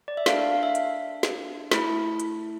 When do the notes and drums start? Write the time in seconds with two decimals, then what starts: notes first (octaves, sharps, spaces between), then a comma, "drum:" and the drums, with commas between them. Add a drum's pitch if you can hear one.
0.08 D5
0.17 E5
0.26 A#3 D4 A4 F5, drum: snare
0.52 F5
0.63 E5
0.75 drum: hi-hat
1.23 drum: snare
1.71 A3 E4 A4, drum: snare
2.20 drum: hi-hat